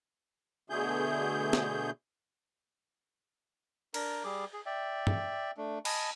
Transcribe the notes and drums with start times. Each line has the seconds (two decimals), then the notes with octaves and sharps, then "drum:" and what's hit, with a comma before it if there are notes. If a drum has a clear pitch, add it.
0.70 B2 D3 A3 G#4 G6
1.53 drum: snare
3.94 D4 A#4 A#5, drum: cymbal
4.24 G3 G#4 D6
4.53 G#4
4.66 D5 E5 G5
5.07 drum: tom
5.57 A3 D4
5.85 D#5 G#5 A5 B5, drum: cymbal